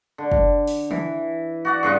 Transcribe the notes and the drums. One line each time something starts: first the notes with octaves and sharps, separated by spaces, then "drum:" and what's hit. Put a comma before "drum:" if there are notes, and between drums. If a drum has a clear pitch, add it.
D3
drum: kick F#1
drum: open hi-hat
E3, drum: tom D3
F#4 D5 F#5
G2 C#3 B3 C#6